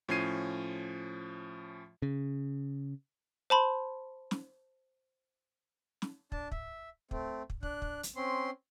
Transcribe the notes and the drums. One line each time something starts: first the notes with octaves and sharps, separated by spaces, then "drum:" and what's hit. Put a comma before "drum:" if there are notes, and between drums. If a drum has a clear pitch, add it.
A2 F3 C#4 G#6 C7 D#7
C#3
C5 A5 B5 C6
drum: snare
drum: snare
D4 A5, drum: kick
E5, drum: kick
A3 C4, drum: kick
drum: kick
D4 F#6, drum: kick
drum: kick
drum: hi-hat
C4 C#4 C6